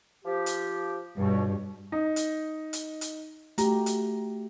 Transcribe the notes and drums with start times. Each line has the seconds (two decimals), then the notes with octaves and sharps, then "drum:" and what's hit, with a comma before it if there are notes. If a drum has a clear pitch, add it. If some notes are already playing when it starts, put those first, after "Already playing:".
0.25 F3 G4
0.46 drum: hi-hat
1.17 C#2 G2 B2
1.92 D#4
2.16 drum: hi-hat
2.73 drum: hi-hat
3.01 drum: hi-hat
3.58 A3 F#4 G4 A#5, drum: hi-hat
3.86 drum: hi-hat